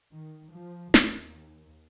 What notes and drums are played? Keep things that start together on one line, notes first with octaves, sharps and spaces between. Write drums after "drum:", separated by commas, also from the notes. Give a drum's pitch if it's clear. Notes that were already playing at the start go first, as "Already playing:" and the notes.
D#3
F3
D#2, drum: snare